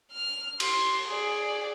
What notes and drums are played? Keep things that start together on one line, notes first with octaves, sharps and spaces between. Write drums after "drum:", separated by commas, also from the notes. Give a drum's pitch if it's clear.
F6
C6, drum: cymbal
G#4 D5